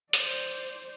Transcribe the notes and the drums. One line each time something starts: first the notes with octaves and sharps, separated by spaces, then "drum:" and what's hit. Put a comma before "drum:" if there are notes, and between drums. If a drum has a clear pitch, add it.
C5 D5, drum: hi-hat